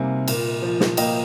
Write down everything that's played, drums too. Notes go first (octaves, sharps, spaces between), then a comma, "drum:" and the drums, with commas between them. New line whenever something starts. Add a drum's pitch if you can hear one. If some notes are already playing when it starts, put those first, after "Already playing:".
Already playing: C3 G3 A#3 D#4 G#5
A#2, drum: cymbal
F3
drum: snare
A#3 D#5 G5, drum: cymbal